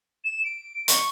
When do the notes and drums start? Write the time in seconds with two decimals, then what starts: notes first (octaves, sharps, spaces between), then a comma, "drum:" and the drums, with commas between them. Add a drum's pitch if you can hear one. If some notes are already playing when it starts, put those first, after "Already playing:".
0.24 E7
0.44 D7
0.88 C#6, drum: hi-hat